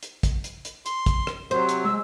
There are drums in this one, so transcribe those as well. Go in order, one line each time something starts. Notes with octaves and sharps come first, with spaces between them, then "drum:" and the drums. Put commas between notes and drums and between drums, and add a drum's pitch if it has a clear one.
drum: hi-hat
drum: kick, hi-hat
drum: hi-hat
drum: hi-hat
C6, drum: hi-hat
drum: kick, hi-hat
drum: rim click
C3 F#3 C5
drum: hi-hat
G#3 E6